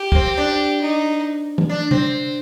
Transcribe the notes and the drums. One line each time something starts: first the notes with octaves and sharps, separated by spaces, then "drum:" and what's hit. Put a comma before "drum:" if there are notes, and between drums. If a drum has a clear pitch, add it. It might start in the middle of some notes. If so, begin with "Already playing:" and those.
Already playing: G4
A#3, drum: kick
C4
D4
D#4
drum: tom E3
D4
C4, drum: tom C3